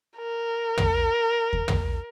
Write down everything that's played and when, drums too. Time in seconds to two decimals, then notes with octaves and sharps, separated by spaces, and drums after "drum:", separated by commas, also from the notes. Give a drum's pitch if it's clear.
0.18 A#4
0.77 drum: tom
1.53 drum: kick D#2
1.68 drum: tom